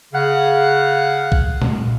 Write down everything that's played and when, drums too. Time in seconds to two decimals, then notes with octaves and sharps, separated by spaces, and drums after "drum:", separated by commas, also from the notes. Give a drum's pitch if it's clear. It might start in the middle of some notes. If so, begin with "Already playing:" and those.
0.14 C#3 F5 F#5
1.32 drum: kick B1
1.62 drum: tom A#2